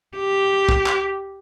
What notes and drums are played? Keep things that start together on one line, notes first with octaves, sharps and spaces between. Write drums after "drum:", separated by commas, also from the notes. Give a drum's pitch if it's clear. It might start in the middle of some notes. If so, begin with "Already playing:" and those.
G4
drum: kick
drum: clap